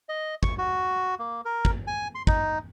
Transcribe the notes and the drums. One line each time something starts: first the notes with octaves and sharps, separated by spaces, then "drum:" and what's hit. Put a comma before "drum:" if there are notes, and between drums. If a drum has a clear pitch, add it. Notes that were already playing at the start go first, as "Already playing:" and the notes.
D#5
C#6, drum: kick
F#4
A#3
A#4
drum: kick
G#5
C6
D#4, drum: kick